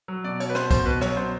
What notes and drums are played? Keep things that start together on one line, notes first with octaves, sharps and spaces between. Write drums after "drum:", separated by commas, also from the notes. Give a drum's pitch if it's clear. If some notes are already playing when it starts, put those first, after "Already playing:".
F#3
B2 D5
B2 C#5, drum: hi-hat
B4
B2 C5, drum: rim click
B2 C5, drum: kick C2, hi-hat
B2 B4
F#3 C#5, drum: rim click
B2 C5